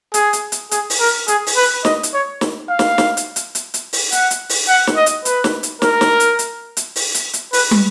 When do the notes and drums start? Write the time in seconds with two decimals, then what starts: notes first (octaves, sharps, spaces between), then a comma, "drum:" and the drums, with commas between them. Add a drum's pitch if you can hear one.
0.14 G#4, drum: hi-hat
0.33 drum: hi-hat
0.52 drum: hi-hat
0.71 G#4, drum: hi-hat
0.90 drum: open hi-hat
1.00 A#4
1.28 G#4, drum: hi-hat
1.47 drum: open hi-hat
1.57 B4
1.85 D#5, drum: snare
2.03 drum: hi-hat
2.13 C#5
2.41 drum: snare
2.69 F5
2.79 drum: snare
2.98 drum: snare
3.17 drum: hi-hat
3.36 drum: hi-hat
3.55 drum: hi-hat
3.74 drum: hi-hat
3.93 drum: open hi-hat
4.12 F#5, drum: hi-hat
4.31 drum: hi-hat
4.49 drum: open hi-hat
4.68 F#5
4.87 drum: snare
4.96 D#5
5.06 drum: hi-hat
5.25 B4, drum: hi-hat
5.44 drum: snare
5.63 drum: hi-hat
5.82 A#4, drum: snare
6.01 drum: snare
6.20 drum: hi-hat
6.39 drum: hi-hat
6.77 drum: hi-hat
6.96 drum: open hi-hat
7.14 drum: hi-hat
7.33 drum: hi-hat
7.53 B4, drum: open hi-hat
7.71 drum: tom